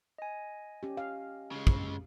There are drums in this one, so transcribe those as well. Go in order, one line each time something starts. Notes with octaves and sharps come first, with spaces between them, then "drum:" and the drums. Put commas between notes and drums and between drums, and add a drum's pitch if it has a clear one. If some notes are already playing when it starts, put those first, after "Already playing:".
D#5 G#5
C#4 G4
F5
C#3 G#3
drum: kick